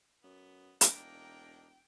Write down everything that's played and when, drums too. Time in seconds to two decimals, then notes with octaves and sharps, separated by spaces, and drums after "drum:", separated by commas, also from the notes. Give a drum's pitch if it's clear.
0.23 F#2 B3
0.81 E1 A#3 D4 D#4 G5, drum: hi-hat